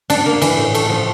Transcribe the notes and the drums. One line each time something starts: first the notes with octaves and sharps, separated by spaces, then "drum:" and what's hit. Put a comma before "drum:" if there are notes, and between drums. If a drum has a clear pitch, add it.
D4, drum: cymbal
A#3
E3, drum: cymbal
A2
A3, drum: cymbal
F3